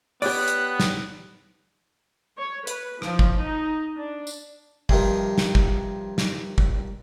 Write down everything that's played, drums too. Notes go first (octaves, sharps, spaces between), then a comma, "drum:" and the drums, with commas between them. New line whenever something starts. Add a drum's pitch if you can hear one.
B3 G4 C#5 D5 F#6, drum: open hi-hat
drum: hi-hat
drum: snare
C#5
B4, drum: hi-hat
F3, drum: rim click
drum: kick
D#4
D4
drum: tambourine
G2 C3 D#3 F3, drum: kick
drum: snare
drum: kick
drum: snare
drum: kick